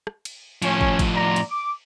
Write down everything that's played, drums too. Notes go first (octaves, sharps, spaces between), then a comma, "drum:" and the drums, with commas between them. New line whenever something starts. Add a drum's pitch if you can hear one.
drum: rim click
drum: cymbal
A2 F3 C#4, drum: cymbal
drum: kick
drum: kick, cymbal
D5 A#5
drum: cymbal
D6